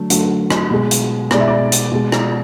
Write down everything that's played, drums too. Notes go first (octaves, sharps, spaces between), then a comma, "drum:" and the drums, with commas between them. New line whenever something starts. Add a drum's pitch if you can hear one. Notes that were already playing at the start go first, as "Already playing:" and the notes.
Already playing: D3 F#3 A3
D3 F#3 A3, drum: hi-hat
drum: rim click
B2 G#3
drum: hi-hat
B2 G#3 D5, drum: rim click
E5
D5
drum: hi-hat
B2 G#3
drum: rim click